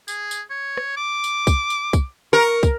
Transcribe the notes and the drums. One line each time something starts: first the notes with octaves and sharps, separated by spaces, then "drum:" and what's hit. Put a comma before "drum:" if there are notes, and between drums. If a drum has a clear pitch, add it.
G#4, drum: tambourine
drum: tambourine
C#5
drum: rim click
D6
drum: tambourine
drum: kick, tambourine
drum: tambourine
drum: kick, tambourine
A#4 C#6
drum: kick, tambourine